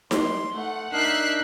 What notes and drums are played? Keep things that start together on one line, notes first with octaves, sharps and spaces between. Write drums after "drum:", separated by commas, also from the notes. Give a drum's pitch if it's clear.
C6, drum: snare D#4
A3 F#5
D4 D#4 A#4 E5 F#6 C7